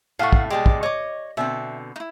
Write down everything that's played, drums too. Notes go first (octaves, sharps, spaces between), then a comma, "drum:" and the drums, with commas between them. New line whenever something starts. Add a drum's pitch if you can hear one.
A2 A3 F5 F#5 C#6
drum: kick
B2 G3 G#3 G4 D5
drum: kick
C#5 D#5 D6
B2 D3 C4 E5
D#4 E4